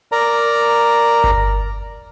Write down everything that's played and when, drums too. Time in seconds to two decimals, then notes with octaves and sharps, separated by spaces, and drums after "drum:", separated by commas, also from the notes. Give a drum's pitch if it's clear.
0.12 A#4 D5 A#5
1.24 drum: kick G1